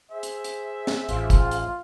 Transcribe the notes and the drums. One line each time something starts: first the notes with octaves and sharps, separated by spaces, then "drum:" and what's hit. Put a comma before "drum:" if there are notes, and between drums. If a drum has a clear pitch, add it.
G#4 C5 E5
drum: hi-hat
drum: hi-hat
drum: snare
A1 F4, drum: hi-hat
drum: kick, hi-hat
drum: hi-hat